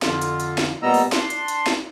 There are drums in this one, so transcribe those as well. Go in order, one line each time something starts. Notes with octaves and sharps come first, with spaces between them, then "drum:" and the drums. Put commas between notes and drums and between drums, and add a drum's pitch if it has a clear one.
F2 D3 F4, drum: snare
drum: hi-hat
drum: hi-hat
drum: snare
A#2 G3 B3 D#5 A#5 E6
drum: open hi-hat
D4 C6, drum: snare
drum: hi-hat
drum: hi-hat
drum: snare